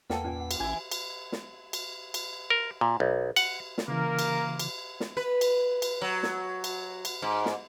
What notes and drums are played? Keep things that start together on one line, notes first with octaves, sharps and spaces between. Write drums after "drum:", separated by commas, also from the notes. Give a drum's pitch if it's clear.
E2 A#3 A4 B4 F#5 G5 A5, drum: snare
A#2 C#4 D5 G#5
F#5
drum: cymbal
A1 E3 C#4 E4 G#5
drum: cymbal
drum: snare
drum: cymbal
drum: cymbal
A#4
A#2
B1
F#5, drum: cymbal
drum: snare
C#3 E3 A#3 A#4
drum: cymbal
drum: cymbal
drum: snare
B4
drum: cymbal
drum: cymbal
F#3
drum: snare
drum: cymbal
drum: cymbal
G#2
drum: snare